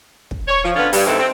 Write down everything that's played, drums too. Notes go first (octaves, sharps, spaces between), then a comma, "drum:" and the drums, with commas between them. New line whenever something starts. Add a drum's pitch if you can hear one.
drum: kick
C#5
F3
D3 B3 C#4 F4 B4
G2, drum: open hi-hat
D#2 G#2 E3 C4 A4
C4